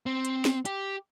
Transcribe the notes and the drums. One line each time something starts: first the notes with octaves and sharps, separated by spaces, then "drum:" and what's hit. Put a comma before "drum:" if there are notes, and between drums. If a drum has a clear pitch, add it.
C4
drum: hi-hat
drum: snare
G4, drum: hi-hat